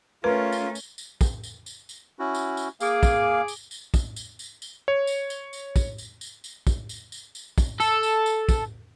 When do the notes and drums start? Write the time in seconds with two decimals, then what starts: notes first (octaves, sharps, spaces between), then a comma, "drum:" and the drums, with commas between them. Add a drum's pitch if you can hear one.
0.24 A3 C#4 F4 A#4 B4
0.52 drum: tambourine
0.75 drum: tambourine
0.98 drum: tambourine
1.21 drum: kick, tambourine
1.43 drum: tambourine
1.66 drum: tambourine
1.89 drum: tambourine
2.19 C#4 E4 F#4
2.34 drum: tambourine
2.57 drum: tambourine
2.80 A#3 G#4 F5 D6, drum: tambourine
3.03 drum: kick, tambourine
3.48 drum: tambourine
3.71 drum: tambourine
3.94 drum: kick, tambourine
4.16 drum: tambourine
4.39 drum: tambourine
4.62 drum: tambourine
4.88 C#5
5.07 drum: tambourine
5.30 drum: tambourine
5.53 drum: tambourine
5.76 drum: kick, tambourine
5.98 drum: tambourine
6.21 drum: tambourine
6.44 drum: tambourine
6.67 drum: kick, tambourine
6.89 drum: tambourine
7.12 drum: tambourine
7.35 drum: tambourine
7.58 drum: kick, tambourine
7.80 A4, drum: tambourine
8.03 drum: tambourine
8.26 drum: tambourine
8.49 drum: kick, tambourine